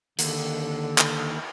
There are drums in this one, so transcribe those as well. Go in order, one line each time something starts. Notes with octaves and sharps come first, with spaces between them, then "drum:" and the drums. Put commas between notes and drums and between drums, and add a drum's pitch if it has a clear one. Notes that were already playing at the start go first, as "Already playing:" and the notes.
D#2 D3, drum: hi-hat
drum: clap